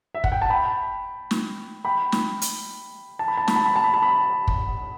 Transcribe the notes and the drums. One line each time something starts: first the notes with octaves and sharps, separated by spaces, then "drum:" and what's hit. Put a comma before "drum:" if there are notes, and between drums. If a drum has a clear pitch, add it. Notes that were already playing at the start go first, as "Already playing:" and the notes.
E5
F#5, drum: kick
G5
A5
G5 B5
drum: snare
G5 B5
drum: snare
drum: hi-hat
A5
B5
A5
B5, drum: snare
A5
B5
A5
B5
A5
B5
drum: kick